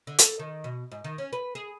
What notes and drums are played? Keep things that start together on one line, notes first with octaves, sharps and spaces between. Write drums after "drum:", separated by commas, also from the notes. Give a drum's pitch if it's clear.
D3
A4, drum: hi-hat
D#3
B2
G#2
D#3
C#4
B4
G#4